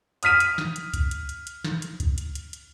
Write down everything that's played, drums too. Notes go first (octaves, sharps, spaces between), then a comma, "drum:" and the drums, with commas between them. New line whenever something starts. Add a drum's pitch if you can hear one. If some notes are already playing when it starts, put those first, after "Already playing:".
D#6 F6 B6 D#7, drum: hi-hat
drum: hi-hat
drum: snare
drum: hi-hat
drum: kick, hi-hat
drum: hi-hat
drum: hi-hat
drum: hi-hat
drum: snare
drum: hi-hat
drum: kick, hi-hat
drum: hi-hat
drum: hi-hat
drum: hi-hat